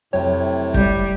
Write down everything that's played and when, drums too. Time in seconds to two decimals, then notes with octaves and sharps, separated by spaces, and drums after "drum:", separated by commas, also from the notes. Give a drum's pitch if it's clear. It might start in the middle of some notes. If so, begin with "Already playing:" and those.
0.13 F2 A2 C3 F#3 C#5 G5
0.74 G3 G6, drum: kick